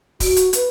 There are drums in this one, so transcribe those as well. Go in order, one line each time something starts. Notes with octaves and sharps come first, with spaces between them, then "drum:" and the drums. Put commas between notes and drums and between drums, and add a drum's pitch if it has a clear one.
F#4, drum: kick D1, open hi-hat
drum: hi-hat
B4, drum: hi-hat